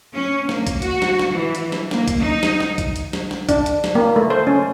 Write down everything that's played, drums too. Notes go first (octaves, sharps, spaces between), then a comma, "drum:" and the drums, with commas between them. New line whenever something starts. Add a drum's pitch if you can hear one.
C#4
A#3, drum: snare
drum: kick, hi-hat
F#4, drum: hi-hat
drum: snare
drum: snare
E3
drum: hi-hat
drum: snare
A#3, drum: snare
drum: kick, hi-hat
D#4
drum: snare
drum: snare
drum: kick, hi-hat
drum: hi-hat
drum: snare
drum: snare
D4, drum: kick, hi-hat
drum: hi-hat
drum: snare
A#3
A3
C5
C#4